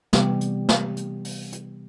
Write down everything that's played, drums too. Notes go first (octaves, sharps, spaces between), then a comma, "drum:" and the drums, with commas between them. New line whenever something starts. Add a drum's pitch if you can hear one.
C3 E3 G3 B3 G4, drum: snare
drum: hi-hat
drum: snare
drum: hi-hat
drum: open hi-hat
drum: hi-hat